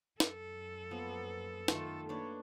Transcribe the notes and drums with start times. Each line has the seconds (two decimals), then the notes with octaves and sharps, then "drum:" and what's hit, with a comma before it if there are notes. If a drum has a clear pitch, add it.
0.20 F#2 A4, drum: snare
0.91 F3 A#3 B3
1.68 D#3 A3 F4, drum: snare
2.09 A#3 D4 B4 C#5